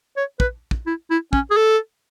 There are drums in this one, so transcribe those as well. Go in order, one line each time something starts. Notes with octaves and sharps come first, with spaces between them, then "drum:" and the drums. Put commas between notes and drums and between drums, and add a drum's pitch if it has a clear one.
C#5
B4, drum: kick
drum: kick
E4
E4
C#4, drum: kick
G#4
A4